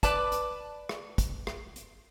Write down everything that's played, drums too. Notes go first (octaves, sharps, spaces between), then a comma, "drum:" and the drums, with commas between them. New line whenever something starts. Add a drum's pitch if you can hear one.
B4 D5 A5, drum: kick, hi-hat
drum: hi-hat
drum: rim click
drum: kick, hi-hat
drum: rim click
drum: hi-hat